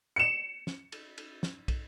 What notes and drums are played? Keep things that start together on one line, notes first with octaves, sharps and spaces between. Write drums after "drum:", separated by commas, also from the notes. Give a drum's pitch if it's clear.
C#7 E7
drum: snare
drum: cymbal
drum: cymbal
drum: snare
drum: kick, cymbal